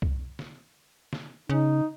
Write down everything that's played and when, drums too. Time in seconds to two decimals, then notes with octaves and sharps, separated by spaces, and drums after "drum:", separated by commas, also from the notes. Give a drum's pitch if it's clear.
0.02 drum: kick
0.39 drum: snare
1.13 drum: snare
1.49 C#3 D#4